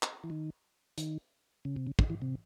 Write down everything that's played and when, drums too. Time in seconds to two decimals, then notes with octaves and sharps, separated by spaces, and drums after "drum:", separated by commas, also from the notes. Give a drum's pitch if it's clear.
0.03 drum: clap
0.24 E3
0.30 D#3
0.98 D#3, drum: hi-hat
1.65 C#3
1.76 C3
1.87 C#3
1.99 D3, drum: kick
2.10 E3
2.22 C3